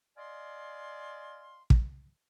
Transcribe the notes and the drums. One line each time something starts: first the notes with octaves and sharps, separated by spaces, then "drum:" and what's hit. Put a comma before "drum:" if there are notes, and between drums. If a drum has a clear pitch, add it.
D5 D#5 F5 G#5 C6
drum: kick